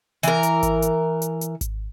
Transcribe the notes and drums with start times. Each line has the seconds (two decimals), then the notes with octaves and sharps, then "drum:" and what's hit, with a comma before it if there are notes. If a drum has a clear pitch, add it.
0.23 E3 A#4, drum: hi-hat
0.43 drum: hi-hat
0.63 drum: kick G#1, hi-hat
0.82 drum: hi-hat
1.22 drum: hi-hat
1.41 drum: hi-hat
1.61 drum: kick G#1, hi-hat